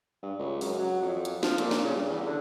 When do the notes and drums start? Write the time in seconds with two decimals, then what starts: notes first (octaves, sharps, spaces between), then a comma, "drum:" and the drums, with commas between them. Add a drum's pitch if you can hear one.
0.22 G2
0.39 C#2
0.61 F#2, drum: open hi-hat
0.79 F#3
1.02 F2
1.15 F2
1.25 drum: hi-hat
1.43 F3, drum: snare
1.58 A#2, drum: hi-hat
1.71 drum: snare
1.84 C#3
1.95 G2
2.10 E2
2.27 D3